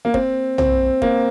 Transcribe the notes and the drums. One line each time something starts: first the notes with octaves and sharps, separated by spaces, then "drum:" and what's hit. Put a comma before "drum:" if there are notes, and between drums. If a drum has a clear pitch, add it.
A#3
C4, drum: kick
C4, drum: tom B1
A#3, drum: kick